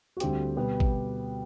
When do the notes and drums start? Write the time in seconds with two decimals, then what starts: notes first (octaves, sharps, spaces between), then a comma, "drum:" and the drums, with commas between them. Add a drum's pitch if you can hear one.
0.17 F#4
0.20 D2 D3 G3 C4 G4, drum: hi-hat
0.56 B2 G3 B3
0.80 drum: kick